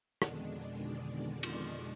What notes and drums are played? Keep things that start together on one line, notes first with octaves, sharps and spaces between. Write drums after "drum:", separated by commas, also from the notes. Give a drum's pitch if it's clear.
F2 B2 D3 D#3 G#3 D4, drum: rim click
drum: cymbal